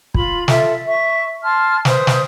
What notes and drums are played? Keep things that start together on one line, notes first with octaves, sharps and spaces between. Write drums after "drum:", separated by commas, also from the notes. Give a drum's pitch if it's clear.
F4 B5, drum: kick
F4 A4 E5, drum: snare
E5 C#6
A5 C6 F6
B4 C5 D#6, drum: snare
drum: snare